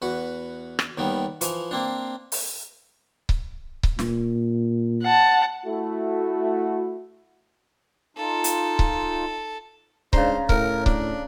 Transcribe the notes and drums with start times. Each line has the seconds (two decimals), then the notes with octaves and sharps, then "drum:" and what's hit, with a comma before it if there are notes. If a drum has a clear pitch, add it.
0.02 E2 F#4 B4
0.79 drum: rim click
0.98 D#2 D#3 G3 B3
1.41 E3 F3, drum: hi-hat
1.71 A#3 C4 D4
2.32 drum: open hi-hat
3.29 drum: kick C#1
3.83 drum: kick C#1
3.99 A#2, drum: snare
5.03 F#5 A5
5.66 A3 E4 F#4
8.17 D#4 F4 A4
8.44 drum: hi-hat
8.79 drum: kick C#1
10.13 G#2 C#3 D4 C5 A#5, drum: kick C#1
10.49 A2 A#4, drum: kick C#1
10.86 D4, drum: kick C#1